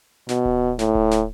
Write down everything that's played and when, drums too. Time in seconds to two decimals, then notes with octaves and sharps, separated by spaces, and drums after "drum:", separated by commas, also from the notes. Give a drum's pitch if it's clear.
0.29 B2, drum: snare
0.45 drum: kick D1
0.79 A2, drum: snare
0.95 drum: kick D1
1.12 drum: snare